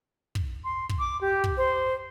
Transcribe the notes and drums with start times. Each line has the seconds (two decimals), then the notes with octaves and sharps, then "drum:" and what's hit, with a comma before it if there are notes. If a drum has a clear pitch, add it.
0.35 drum: kick
0.64 C6
0.89 drum: kick
0.99 D6
1.21 G4
1.44 drum: kick
1.57 C5